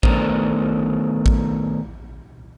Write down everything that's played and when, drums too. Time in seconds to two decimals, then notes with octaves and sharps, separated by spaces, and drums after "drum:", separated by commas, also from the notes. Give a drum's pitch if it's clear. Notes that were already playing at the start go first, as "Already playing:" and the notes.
0.03 D#3 A3 B3 D4 A#4 C5, drum: kick A1
1.26 drum: kick A1